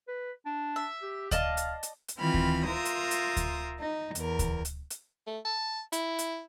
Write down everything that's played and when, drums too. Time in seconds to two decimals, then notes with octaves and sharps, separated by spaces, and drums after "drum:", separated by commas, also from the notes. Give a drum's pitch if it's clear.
0.08 B4
0.46 D4
0.76 E5
1.02 G4
1.31 D5 D#5 F5 A5, drum: kick D2, hi-hat
1.57 drum: hi-hat
1.83 drum: hi-hat
2.08 drum: hi-hat
2.17 D#3 E3 C4 F4 B5 F6
2.34 drum: kick D2
2.65 F4 A#4 C5 E5 A#5 D#6
2.85 drum: hi-hat
3.11 drum: hi-hat
3.37 drum: kick D2, hi-hat
3.80 D#4
4.15 E2 A#4, drum: hi-hat
4.39 drum: kick D2, hi-hat
4.65 drum: hi-hat
4.90 drum: hi-hat
5.27 A3
5.45 A5
5.92 E4, drum: hi-hat
6.19 drum: hi-hat